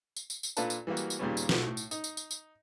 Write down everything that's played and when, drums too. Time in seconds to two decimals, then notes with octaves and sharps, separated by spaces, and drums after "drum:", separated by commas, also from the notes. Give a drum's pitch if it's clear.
0.16 drum: tambourine
0.30 drum: tambourine
0.43 drum: tambourine
0.57 A#2 D4 F4 A4 B4 A5, drum: tambourine
0.70 drum: tambourine
0.87 E3 G3 G#3 A#3 F#4
0.97 drum: tambourine
1.10 drum: tambourine
1.19 D#2 A#2 C#3 G3 B3 C#4
1.37 drum: tambourine
1.49 B1 A3 F#4, drum: snare
1.67 A2
1.77 drum: tambourine
1.91 D#4, drum: tambourine
2.04 drum: tambourine
2.17 drum: tambourine
2.31 drum: tambourine